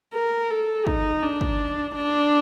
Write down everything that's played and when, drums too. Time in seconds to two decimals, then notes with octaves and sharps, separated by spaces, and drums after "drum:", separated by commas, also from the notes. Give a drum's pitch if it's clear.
0.14 A#4
0.50 A4
0.87 D#4, drum: kick
1.23 D4
1.41 drum: kick
1.95 D4